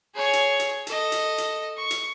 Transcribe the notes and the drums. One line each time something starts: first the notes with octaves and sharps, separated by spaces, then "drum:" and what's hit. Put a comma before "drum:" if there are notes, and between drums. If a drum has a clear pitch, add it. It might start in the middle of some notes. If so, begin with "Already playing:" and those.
G#4 C#5
drum: hi-hat
drum: hi-hat
A4 D#5, drum: hi-hat
drum: hi-hat
drum: hi-hat
C#6
drum: hi-hat